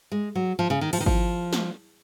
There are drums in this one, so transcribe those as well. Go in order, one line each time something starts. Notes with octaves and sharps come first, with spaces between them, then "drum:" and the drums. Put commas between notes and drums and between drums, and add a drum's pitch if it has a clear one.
G#3
F#3
F3
C#3
D#3
F3, drum: cymbal
D#3
F3, drum: kick G#1
drum: snare